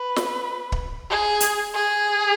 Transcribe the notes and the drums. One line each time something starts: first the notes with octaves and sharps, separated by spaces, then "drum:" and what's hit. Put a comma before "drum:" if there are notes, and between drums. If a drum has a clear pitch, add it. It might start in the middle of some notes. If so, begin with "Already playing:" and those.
Already playing: B4
drum: snare
drum: kick
G#4
drum: hi-hat
G#4